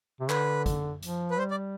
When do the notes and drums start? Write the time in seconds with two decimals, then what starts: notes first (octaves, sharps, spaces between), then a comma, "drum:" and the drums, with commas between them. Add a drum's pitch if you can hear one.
0.20 C3
0.29 D3 B4, drum: clap
0.66 drum: kick, hi-hat
1.03 F3, drum: hi-hat
1.31 B4
1.38 G3 C5
1.51 D5